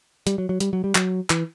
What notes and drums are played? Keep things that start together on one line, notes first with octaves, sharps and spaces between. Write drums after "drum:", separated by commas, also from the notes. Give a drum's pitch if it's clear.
G3, drum: hi-hat
F#3
F#3
G3, drum: hi-hat
F#3
G3
F#3, drum: clap
E3, drum: clap